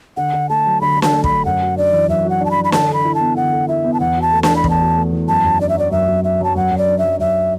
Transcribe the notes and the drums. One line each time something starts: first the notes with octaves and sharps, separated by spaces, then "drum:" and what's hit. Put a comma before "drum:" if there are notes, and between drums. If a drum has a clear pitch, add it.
D3 F#5
D3
A3 A5
F#3
D3 B5
D3
A5, drum: snare
A3
B5, drum: kick
F#3
F#2 F#5
F#4
D4 D5
E3
F#2 E5
F#4
F#5
D4 A5
B5
E3
B5
D3 A5, drum: snare
A4 B5
E4
A5
B3
D3 F#5
A4
E4 E5
B3
A5
E2 F#5
F#4
A5
A3
A5, drum: snare
E3
B5
E2, drum: kick
A5
F#4
A3
E3
F#2 A5
F#2
D4 D5
E5
F#3 D5
F#2 E5
F#2
D4 E5
F#3 A5
F#2 F#5
F#2
D5
D4
F#3 E5
F#2 E5